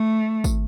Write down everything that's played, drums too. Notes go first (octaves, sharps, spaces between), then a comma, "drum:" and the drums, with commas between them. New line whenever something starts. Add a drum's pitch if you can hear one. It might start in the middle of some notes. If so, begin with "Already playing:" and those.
Already playing: A3
drum: kick, tambourine